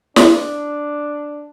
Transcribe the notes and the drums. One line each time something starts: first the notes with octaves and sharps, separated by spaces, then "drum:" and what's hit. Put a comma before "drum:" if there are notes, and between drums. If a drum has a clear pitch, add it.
D4, drum: snare